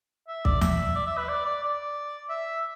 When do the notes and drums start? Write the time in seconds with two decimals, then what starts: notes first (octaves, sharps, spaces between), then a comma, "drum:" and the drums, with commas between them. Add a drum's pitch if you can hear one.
0.28 E5
0.45 D5, drum: kick
0.61 E5, drum: tom D#2
0.96 D5
1.06 E5
1.18 B4
1.28 D5
1.46 D5
1.63 D5
2.30 E5